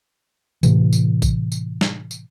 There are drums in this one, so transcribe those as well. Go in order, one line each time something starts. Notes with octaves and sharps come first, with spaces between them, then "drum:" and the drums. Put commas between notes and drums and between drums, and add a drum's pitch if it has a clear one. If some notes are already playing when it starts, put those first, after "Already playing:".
A2 C3 E3, drum: tambourine
drum: tambourine
drum: kick A1, tambourine
drum: tambourine
drum: snare
drum: tambourine